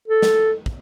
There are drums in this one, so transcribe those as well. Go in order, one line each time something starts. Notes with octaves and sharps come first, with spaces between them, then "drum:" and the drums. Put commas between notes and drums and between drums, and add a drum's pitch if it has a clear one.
A4
drum: snare
drum: kick